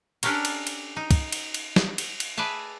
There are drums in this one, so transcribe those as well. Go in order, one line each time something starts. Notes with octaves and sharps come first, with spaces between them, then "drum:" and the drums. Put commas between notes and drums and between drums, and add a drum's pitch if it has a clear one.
C#4 D4 G4 A4 A#4 C#5, drum: cymbal
drum: cymbal
drum: cymbal
D#4
drum: kick, cymbal
drum: cymbal
drum: cymbal
drum: snare
drum: cymbal
drum: cymbal
G#4 B4 D5 E5 A5